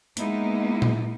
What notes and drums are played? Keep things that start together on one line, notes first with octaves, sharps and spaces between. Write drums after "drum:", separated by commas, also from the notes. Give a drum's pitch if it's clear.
G#3 A#3 B3 D#4 E4, drum: hi-hat
drum: tom A#2